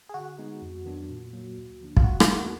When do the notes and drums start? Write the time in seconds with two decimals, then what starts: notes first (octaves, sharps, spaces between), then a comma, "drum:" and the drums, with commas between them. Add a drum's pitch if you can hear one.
0.09 G#4
0.14 D3 F#4
0.38 G#3 B3 D#4
0.62 F2
0.85 D#3 F#3 B3 D4
1.10 A#2
1.33 F#3 A#3
1.56 D2
1.81 D3 F3 A#3 D4
1.97 F4, drum: kick
2.04 D#2 F#4
2.20 F4, drum: rim click
2.28 D#3 A#3 D#4 A#4
2.36 F#4